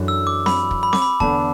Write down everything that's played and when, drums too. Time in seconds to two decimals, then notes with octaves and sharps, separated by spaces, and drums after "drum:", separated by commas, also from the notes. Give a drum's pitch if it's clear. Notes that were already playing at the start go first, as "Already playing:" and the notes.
Already playing: F#2 E3 D4 F#4 A4
0.08 E6
0.27 D6
0.46 B5, drum: snare C4
0.71 drum: kick
0.83 B5
0.93 D6, drum: snare C4
1.02 B5
1.20 E2 D3 B3 A5, drum: kick